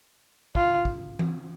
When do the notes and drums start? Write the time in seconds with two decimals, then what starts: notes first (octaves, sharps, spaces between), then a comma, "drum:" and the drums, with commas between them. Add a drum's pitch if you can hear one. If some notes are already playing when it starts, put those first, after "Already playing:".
0.55 F4, drum: kick
0.85 drum: kick
1.19 drum: tom E3